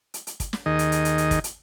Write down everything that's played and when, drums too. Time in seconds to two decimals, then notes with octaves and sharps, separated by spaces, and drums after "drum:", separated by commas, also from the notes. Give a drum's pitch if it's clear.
0.14 drum: hi-hat
0.27 drum: hi-hat
0.40 drum: kick, hi-hat
0.53 drum: snare
0.66 D#2 D#3 G#4 D#5
0.79 drum: hi-hat
0.92 drum: hi-hat
1.05 drum: hi-hat
1.18 drum: hi-hat
1.31 drum: kick, hi-hat
1.44 drum: hi-hat